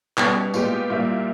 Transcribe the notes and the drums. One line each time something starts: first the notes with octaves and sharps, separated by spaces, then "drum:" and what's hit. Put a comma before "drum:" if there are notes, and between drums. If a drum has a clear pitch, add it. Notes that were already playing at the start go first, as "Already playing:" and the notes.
B2 G3 C#4, drum: clap
A#2 G#3 B3 G4, drum: tambourine
A#2 G3 A#3 E4